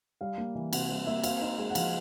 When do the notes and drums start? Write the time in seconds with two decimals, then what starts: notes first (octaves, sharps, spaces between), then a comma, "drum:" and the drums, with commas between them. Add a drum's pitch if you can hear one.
0.21 G3 F5
0.38 A#3
0.55 E3
0.73 C3 F#5, drum: cymbal
0.89 G3
1.07 A#3 E5
1.24 C4 F5, drum: cymbal
1.41 D#4
1.58 G#3
1.70 F#5
1.75 F3 F5, drum: cymbal